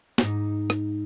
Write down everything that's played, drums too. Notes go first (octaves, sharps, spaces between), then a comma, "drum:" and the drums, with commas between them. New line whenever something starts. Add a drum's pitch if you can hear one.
G#2 D#4, drum: snare
drum: rim click